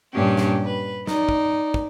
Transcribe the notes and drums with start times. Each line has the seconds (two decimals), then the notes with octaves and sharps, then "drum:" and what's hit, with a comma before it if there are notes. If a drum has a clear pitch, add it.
0.15 G2 A#2 C#4 D4 G4
0.37 drum: snare
0.63 B4
1.07 D#4 D5, drum: snare
1.29 drum: kick
1.74 drum: kick